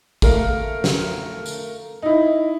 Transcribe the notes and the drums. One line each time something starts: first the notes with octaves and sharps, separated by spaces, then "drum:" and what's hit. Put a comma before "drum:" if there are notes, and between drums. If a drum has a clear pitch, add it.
A3 A#4 F5, drum: kick A1, tambourine
drum: snare
drum: tambourine
D#4 E4